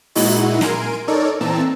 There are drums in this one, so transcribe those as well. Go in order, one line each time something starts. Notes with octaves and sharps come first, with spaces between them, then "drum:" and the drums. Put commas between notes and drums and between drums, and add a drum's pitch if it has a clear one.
A#2 G#3 D#4 E4 F#4, drum: open hi-hat
A#4 G#5 C6 D7, drum: snare
D#4 A4 A#4 C#5 D5
A#2 E3 C4 A5 A#5 E6